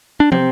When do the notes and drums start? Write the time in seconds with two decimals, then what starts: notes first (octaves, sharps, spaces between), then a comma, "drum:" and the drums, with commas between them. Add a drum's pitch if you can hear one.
0.20 D4
0.32 C3 C4, drum: tom